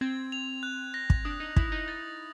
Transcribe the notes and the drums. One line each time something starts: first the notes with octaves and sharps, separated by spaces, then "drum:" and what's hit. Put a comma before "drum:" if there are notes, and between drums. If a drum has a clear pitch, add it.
C4 G#6
F7
F#6
A#6
drum: kick
D4 D#6
D#4
E4 D#6, drum: kick
D#4
D#4 A6